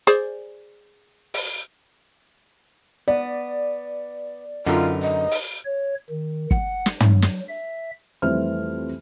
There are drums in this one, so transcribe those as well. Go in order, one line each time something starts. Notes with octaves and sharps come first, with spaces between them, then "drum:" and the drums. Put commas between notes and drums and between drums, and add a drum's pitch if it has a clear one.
G#4 C5 D5, drum: hi-hat
drum: open hi-hat
B3 D5
F#2 D3 D#4 F4 A#4 B4
D#5
drum: open hi-hat
C#5
D#3
F#5, drum: kick
drum: snare
F#3, drum: tom
drum: snare
E5
F2 E3 G3 A3 C5 F6